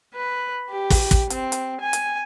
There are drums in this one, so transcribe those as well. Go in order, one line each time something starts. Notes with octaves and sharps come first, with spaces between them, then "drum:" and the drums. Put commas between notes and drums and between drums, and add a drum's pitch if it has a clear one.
B4
G4
drum: kick, open hi-hat
drum: kick, hi-hat
C4, drum: hi-hat
drum: hi-hat
G#5
drum: hi-hat